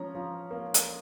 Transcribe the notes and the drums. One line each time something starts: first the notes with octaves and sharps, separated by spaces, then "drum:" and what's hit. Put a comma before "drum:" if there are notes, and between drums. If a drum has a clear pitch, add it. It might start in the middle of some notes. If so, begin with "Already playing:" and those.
Already playing: F3 C#4 A#5
F3
A#3
drum: hi-hat